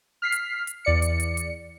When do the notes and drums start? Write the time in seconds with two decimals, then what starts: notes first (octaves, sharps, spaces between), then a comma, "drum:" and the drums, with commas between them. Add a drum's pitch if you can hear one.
0.22 F6 B6 C7
0.32 drum: hi-hat
0.67 drum: hi-hat
0.85 E2 D5 C#7
1.02 drum: hi-hat
1.20 drum: hi-hat
1.37 drum: hi-hat